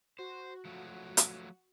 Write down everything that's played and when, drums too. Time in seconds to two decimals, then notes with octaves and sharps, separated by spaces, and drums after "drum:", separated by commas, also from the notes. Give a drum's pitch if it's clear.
0.19 F#4 C5
0.65 F3 F#3 A3
1.17 drum: hi-hat